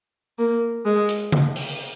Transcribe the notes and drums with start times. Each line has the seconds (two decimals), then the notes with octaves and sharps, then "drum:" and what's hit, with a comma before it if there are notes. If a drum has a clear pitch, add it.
0.38 A#3
0.85 G#3
1.09 drum: hi-hat
1.32 drum: tom C#3
1.56 drum: open hi-hat